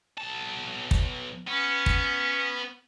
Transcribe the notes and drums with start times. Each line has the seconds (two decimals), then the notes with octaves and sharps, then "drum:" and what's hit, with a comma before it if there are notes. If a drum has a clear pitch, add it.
0.18 B1 A5
0.91 drum: kick
1.48 B3 C#4
1.86 drum: kick